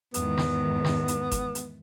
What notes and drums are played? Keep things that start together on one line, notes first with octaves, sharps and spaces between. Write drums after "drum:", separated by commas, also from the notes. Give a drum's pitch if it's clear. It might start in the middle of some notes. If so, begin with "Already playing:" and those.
E2 G#2 D#3 B3, drum: hi-hat
drum: snare
drum: snare
drum: hi-hat
drum: kick G1, hi-hat
drum: hi-hat